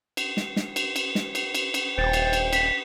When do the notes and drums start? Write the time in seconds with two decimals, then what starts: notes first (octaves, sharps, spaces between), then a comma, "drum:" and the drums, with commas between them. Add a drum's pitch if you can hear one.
0.17 drum: cymbal
0.37 drum: snare
0.56 drum: snare
0.76 drum: cymbal
0.96 drum: cymbal
1.15 drum: snare
1.35 drum: cymbal
1.55 drum: cymbal
1.74 drum: cymbal
1.98 D#1 C5 G5 A6
2.13 drum: cymbal
2.33 drum: cymbal
2.53 B6, drum: cymbal